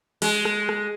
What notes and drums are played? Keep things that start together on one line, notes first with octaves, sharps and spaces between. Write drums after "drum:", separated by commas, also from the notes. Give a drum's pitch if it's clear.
G#3, drum: open hi-hat
drum: rim click
drum: rim click